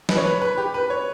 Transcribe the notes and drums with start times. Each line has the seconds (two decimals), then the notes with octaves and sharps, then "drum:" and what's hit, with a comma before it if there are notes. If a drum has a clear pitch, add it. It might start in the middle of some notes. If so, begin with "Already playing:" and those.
0.09 B4, drum: snare
0.17 C#5
0.26 B4
0.42 B4
0.58 G4
0.74 B4
0.90 C#5